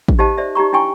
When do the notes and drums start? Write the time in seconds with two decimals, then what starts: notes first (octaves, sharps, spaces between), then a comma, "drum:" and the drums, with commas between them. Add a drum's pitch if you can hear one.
0.08 drum: kick A1
0.19 D#4 G4 C5 D#5 F5 A5
0.38 C5 D5 E5
0.55 D#4 G4 A#5 C#6
0.73 D4 E4 G5 G#5 C#6